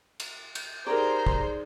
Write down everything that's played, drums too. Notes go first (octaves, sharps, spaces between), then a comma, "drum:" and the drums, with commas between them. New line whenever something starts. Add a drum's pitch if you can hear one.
drum: cymbal
G6, drum: cymbal
D#4 G4 G#4 A#4 C5 D5 A#5
drum: kick